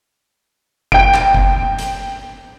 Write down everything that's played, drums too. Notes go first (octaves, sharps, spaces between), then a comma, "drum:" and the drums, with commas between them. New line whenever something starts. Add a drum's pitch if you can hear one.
G5 D7, drum: kick F#1
drum: clap
drum: kick F#1
drum: hi-hat